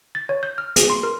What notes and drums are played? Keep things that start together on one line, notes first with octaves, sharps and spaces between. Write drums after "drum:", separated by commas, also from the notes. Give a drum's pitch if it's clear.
A6
C#5
G6
F6
G#4, drum: hi-hat
C6
A#4